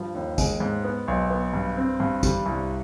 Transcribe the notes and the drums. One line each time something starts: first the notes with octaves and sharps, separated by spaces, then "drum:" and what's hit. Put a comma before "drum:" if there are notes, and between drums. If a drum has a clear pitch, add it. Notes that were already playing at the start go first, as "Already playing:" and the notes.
Already playing: G2 F3
D#2
G#3, drum: kick, tambourine
G#2
B3
B1
B3
G2
C4
G2
G3, drum: kick, tambourine
C2